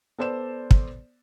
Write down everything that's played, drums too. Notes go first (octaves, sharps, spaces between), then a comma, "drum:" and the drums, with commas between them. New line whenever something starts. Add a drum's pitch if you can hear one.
B3 A4 C5 D5 E7
drum: kick